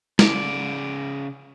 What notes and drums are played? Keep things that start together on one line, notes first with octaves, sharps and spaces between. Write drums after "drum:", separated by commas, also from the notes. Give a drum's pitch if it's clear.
C#3 D5, drum: snare